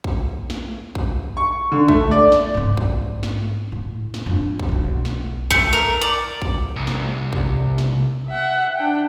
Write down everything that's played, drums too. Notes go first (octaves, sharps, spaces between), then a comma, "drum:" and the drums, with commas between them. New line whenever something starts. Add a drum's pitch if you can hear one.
drum: kick
drum: snare
drum: kick
C#6
D3
A3, drum: kick
D5
drum: snare
G#2 C4
drum: kick
drum: snare
A2
drum: snare
F2 D4
drum: kick
E1 B1
drum: snare
A3, drum: kick
A#4
D5
drum: kick
C2
drum: snare
drum: kick
drum: snare
E5 F#5
D4 G5